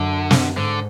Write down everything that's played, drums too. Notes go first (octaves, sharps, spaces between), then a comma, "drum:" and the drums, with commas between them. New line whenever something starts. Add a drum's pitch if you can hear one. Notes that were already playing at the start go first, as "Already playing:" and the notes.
Already playing: F#2 D3
drum: snare
G#2 D3